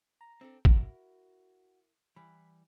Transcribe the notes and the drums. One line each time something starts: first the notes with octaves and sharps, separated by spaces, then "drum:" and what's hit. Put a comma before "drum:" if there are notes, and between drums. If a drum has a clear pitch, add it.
A#5
C4 D4 A4
E4 F#4 A#4, drum: kick A1
E3 G3 B5